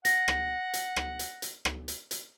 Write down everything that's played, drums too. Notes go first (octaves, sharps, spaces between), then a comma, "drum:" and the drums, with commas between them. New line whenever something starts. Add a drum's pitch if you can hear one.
F#5 A#6, drum: hi-hat
drum: rim click
drum: hi-hat
drum: rim click
drum: hi-hat
drum: hi-hat
drum: rim click
drum: hi-hat
drum: hi-hat